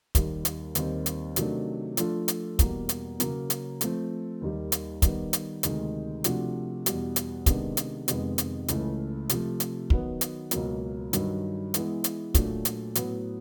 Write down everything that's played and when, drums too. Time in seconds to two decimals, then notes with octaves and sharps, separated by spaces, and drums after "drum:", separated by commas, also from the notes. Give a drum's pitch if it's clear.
0.15 D#2 D#3 G3, drum: kick, hi-hat
0.45 drum: hi-hat
0.75 D#2 D#3 G3 C4, drum: hi-hat
1.06 drum: hi-hat
1.36 C3 D#3 F#3 A3 D4, drum: hi-hat
1.97 F3 A3 D4 F4 A4, drum: hi-hat
2.28 drum: hi-hat
2.59 E2 B2 G3 A#3, drum: kick, hi-hat
2.89 drum: hi-hat
3.20 C#3 F#3 A#3, drum: hi-hat
3.50 drum: hi-hat
3.81 F3 A3 C4, drum: hi-hat
4.41 D#2 D#3 G3
4.72 drum: hi-hat
5.02 D#3 G3 B3, drum: kick, hi-hat
5.33 drum: hi-hat
5.63 D2 C3 D#3 G#3, drum: hi-hat
6.24 C3 F3 A3 D4 F#4, drum: hi-hat
6.86 E2 B2 G3, drum: hi-hat
7.16 drum: hi-hat
7.46 C3 D#3 G#3 B3 D4, drum: kick, hi-hat
7.77 drum: hi-hat
8.08 F2 C3 D#3 G#3 B3, drum: hi-hat
8.38 drum: hi-hat
8.68 C#2 C#3 E3 A3, drum: hi-hat
9.29 C3 F3 A3, drum: hi-hat
9.60 drum: hi-hat
9.90 D#3 F#3 B3, drum: kick
10.21 drum: hi-hat
10.51 C#2 B2 F#3 A#3, drum: hi-hat
11.13 G2 D#3 F#3, drum: hi-hat
11.74 E3 G#3 B3 E4, drum: hi-hat
12.04 drum: hi-hat
12.35 A#2 F#3 A3 D4, drum: kick, hi-hat
12.65 drum: hi-hat
12.95 A2 F#3 B3, drum: hi-hat